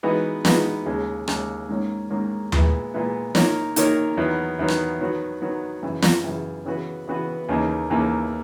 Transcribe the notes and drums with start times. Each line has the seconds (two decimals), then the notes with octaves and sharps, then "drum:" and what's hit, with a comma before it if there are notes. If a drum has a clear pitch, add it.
0.03 E3 G#3 B3 D#4 F#4
0.45 E3 G#3 B3 D#4 F#4, drum: snare
0.86 D#2 C#3 G#3
1.28 D#2 C#3 G#3, drum: rim click
1.69 G#2 D#3 A#3 C#4
2.10 G#2 D#3 A#3 C#4
2.52 A#2 G#3 B3 E4, drum: tom D#2
2.94 A#2 G#3 B3 E4
3.35 D#3 A#3 D#4 A#4 C#5, drum: snare
3.76 D#3 A#3 D#4 A#4 C#5, drum: hi-hat
4.17 E2 D#3 F#3 B3
4.59 E2 D#3 F#3 B3
4.68 drum: rim click
5.01 D#3 F#3 B3 F#4
5.42 D#3 F#3 B3 F#4
5.83 F#2 C#3 E3
6.02 drum: snare
6.24 F#2 C#3 E3
6.66 C#3 E3 B3 F#4 B4
7.08 C#3 E3 B3 F#4 B4
7.49 D#2 C#3 E3 A#3 D#4
7.90 D#2 C#3 E3 A#3 D#4